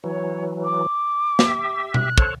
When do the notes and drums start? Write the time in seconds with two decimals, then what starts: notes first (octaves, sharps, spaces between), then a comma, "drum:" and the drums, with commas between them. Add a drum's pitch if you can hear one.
0.04 E3 F#3 C#5
0.64 D6
1.39 G4 E5, drum: snare
1.94 F#6, drum: tom B2
2.18 A4 C5 C#5, drum: kick